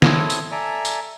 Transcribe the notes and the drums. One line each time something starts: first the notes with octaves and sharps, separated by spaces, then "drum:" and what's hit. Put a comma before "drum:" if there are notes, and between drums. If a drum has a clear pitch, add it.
C4 E4 A4 C#5 D#6, drum: snare
drum: tambourine
A4 D5 E5 G#5 A#5
drum: tambourine